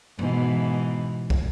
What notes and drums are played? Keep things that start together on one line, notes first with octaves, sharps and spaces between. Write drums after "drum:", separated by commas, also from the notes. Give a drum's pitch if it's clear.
G#2 B2 E3, drum: tom G2
drum: kick